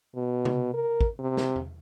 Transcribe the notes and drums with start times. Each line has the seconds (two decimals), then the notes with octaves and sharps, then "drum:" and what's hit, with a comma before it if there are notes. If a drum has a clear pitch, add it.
0.15 B2
0.45 drum: tom C3
0.74 A#4
1.01 drum: kick
1.19 C3
1.37 drum: snare
1.56 drum: tom E2